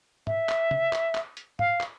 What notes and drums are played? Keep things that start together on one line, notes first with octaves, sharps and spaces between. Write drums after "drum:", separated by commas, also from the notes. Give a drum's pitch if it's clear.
E5, drum: tom G#2
drum: clap
drum: tom
drum: clap
drum: clap
drum: hi-hat
F5, drum: tom G#2
drum: clap